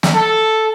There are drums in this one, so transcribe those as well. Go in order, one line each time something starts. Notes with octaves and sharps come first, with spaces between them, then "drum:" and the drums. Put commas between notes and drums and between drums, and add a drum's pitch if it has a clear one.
drum: snare
A4